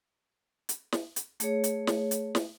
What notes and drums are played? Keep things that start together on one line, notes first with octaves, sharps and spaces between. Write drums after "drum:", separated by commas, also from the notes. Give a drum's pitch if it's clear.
drum: hi-hat
drum: snare
drum: hi-hat
A3 G#4 C#5, drum: hi-hat
drum: hi-hat
drum: snare
drum: hi-hat
drum: snare